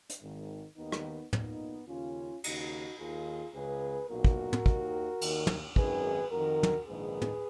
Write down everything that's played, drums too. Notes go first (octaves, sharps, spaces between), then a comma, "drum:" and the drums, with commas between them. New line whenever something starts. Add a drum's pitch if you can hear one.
drum: hi-hat
G#1 G#2 D#3
D#2 D#3 B3 D#4
drum: rim click
B1 A#2 B3 D#4, drum: tom
D#2 C#3 C#4 F4
D#2 C#3 D#4 F#4, drum: cymbal
D#2 D#3 F4 G#4
C#2 C#3 G#4 B4
B1 A#2 F#4 A#4
drum: kick
drum: tom
D#2 D#3, drum: kick
D#2 D#3, drum: cymbal
drum: tom
G#1 F#2 D#3 G#4 B4, drum: kick
F2 D#3 F#4 A#4
drum: tom
A#1 G#2 D#3 G#4 B4
drum: tom